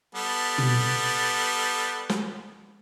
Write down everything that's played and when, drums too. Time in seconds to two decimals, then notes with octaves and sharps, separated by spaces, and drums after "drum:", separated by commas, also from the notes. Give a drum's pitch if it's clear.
0.15 G3 B3 A4
0.58 drum: tom
2.09 drum: snare